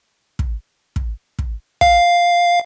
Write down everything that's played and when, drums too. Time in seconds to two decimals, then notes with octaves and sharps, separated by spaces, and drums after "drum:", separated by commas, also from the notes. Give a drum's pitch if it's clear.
0.39 drum: kick
0.96 drum: kick
1.39 drum: kick
1.81 F5, drum: kick